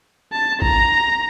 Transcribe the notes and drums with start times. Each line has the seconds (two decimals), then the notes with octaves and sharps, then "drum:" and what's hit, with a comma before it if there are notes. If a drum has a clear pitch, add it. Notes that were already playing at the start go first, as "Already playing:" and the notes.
0.32 A5
0.62 A#5, drum: kick G#1